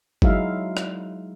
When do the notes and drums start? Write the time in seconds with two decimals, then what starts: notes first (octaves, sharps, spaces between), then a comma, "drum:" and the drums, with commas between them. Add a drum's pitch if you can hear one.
0.22 F#3 G#3 D#4 E4 E5 F5, drum: kick G1
0.77 drum: rim click